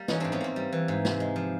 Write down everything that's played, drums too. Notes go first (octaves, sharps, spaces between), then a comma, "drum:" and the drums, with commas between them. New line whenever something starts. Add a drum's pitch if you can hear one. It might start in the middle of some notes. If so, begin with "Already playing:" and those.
Already playing: G3 A#3
E3 C#4 D#4, drum: snare
G#2 C4 D4
B3 C#4, drum: tom
A#3 C4
G3
E3
G#2
C3, drum: snare
G#3
F3